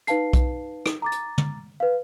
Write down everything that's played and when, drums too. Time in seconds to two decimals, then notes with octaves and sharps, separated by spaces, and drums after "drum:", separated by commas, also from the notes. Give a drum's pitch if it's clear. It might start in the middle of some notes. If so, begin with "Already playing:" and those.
0.07 D#4 B4 F5 A5 C7, drum: hi-hat
0.33 drum: kick B1, hi-hat
0.86 drum: rim click
1.02 A#5 D6 A6
1.12 drum: hi-hat
1.38 drum: tom
1.80 B4 F5